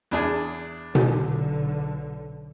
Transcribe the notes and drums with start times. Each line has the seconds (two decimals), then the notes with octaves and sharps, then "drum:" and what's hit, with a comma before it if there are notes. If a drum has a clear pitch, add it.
0.11 E2 D4 G#4
0.95 B1 D3, drum: tom B2